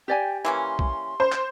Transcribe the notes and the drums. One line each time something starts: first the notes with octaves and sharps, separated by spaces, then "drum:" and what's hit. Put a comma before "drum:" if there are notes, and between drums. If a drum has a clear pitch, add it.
G4 D5 G5 G#5
E3 A#3 C#4 C6
drum: kick B1
C5
drum: clap